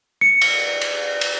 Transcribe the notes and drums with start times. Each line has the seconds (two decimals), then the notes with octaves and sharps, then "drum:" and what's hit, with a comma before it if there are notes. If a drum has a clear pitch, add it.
0.21 C#7
0.41 drum: cymbal
0.81 drum: cymbal
1.21 drum: cymbal